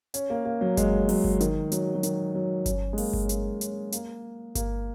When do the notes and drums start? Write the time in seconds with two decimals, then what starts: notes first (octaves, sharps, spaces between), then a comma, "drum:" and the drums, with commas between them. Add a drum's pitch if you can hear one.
0.14 C#4, drum: hi-hat
0.30 A#3
0.45 A#3
0.61 F#3
0.77 G#3, drum: kick G1, hi-hat
1.09 F#3, drum: open hi-hat
1.24 drum: kick G1
1.40 D#3, drum: hi-hat
1.72 F#3, drum: hi-hat
1.94 F#3
2.03 D#3, drum: hi-hat
2.35 F#3
2.66 C#4, drum: kick G1, hi-hat
2.93 G#3
2.98 A#3, drum: open hi-hat
3.13 drum: kick G1
3.24 C#4
3.29 A#3, drum: hi-hat
3.61 C#4, drum: hi-hat
3.92 A#3, drum: hi-hat
4.55 A#3, drum: kick G1, hi-hat